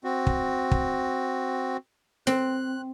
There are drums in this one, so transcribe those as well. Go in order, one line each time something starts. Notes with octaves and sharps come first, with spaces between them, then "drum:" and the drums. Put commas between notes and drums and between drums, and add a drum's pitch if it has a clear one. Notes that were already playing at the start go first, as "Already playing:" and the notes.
C4 F#4
drum: kick
drum: kick
C4 F#6, drum: snare